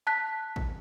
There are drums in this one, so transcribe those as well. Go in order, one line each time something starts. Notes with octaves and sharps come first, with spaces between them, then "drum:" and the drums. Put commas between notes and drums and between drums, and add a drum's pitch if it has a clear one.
A5 F#6 B6
drum: kick A1